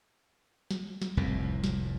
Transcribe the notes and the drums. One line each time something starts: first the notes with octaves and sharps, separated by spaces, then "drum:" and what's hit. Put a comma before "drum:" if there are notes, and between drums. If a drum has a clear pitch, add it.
drum: snare
drum: snare
F1 C2 F2 A2
drum: snare